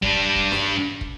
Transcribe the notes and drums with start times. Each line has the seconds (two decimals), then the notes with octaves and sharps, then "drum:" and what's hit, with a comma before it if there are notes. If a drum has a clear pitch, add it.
0.03 G3 D4, drum: kick
0.35 drum: kick
0.52 drum: snare
1.01 drum: kick